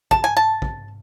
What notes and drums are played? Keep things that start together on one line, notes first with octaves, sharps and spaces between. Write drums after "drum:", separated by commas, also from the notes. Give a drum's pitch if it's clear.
A5, drum: kick
G#5
A5
drum: kick